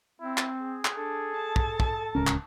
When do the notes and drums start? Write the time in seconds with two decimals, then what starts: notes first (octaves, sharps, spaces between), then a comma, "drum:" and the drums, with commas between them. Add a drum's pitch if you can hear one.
0.20 C4 E4
0.38 drum: clap
0.61 G#4
0.85 drum: clap
0.96 D4 A4
1.36 A5
1.56 drum: kick
1.80 drum: kick
2.15 D1 C#2 C#4 A#4
2.27 drum: clap